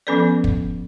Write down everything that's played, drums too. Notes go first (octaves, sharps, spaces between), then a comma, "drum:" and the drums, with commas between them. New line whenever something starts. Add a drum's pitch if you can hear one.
F3 B3 C#4 A4 B4 D5
drum: kick